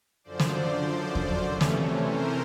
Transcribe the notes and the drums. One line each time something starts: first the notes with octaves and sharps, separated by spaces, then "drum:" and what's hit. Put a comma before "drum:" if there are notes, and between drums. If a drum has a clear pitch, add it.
F#2 D3 F3 C5 D5
drum: snare
drum: kick E2
C3 E3 A3 C#4
drum: snare
A#4 C5